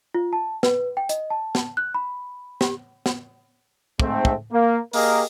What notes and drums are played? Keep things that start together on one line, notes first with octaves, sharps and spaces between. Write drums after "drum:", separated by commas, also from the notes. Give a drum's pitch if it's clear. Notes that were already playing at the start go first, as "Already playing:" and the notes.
F4
A5
B4, drum: snare
G5
D#5, drum: hi-hat
A5
drum: snare
F#6
B5
G4, drum: snare
drum: snare
G#2 A3 C4, drum: kick
drum: kick
A#3
A#3 G4 G#4 A#4 D#5, drum: open hi-hat